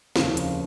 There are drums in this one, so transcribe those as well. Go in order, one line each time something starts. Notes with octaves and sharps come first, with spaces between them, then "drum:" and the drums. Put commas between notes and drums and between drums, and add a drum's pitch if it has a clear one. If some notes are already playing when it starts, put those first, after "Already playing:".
F1 D#2 C#3 F3, drum: snare
drum: hi-hat